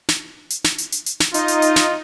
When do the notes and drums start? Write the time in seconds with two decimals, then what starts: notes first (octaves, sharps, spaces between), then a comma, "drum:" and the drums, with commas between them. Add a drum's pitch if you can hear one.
0.08 drum: snare
0.50 drum: hi-hat
0.64 drum: snare
0.78 drum: hi-hat
0.92 drum: hi-hat
1.06 drum: hi-hat
1.20 drum: snare
1.34 D#4 F4 D#5, drum: hi-hat
1.48 drum: hi-hat
1.62 drum: hi-hat
1.76 drum: snare